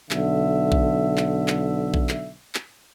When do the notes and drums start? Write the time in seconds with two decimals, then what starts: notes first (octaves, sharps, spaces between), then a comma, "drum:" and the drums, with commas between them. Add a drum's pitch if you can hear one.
0.11 B1 D3 E5, drum: clap
0.72 drum: kick A#1
1.17 drum: clap
1.48 drum: clap
1.94 drum: kick A#1
2.09 drum: clap
2.55 drum: clap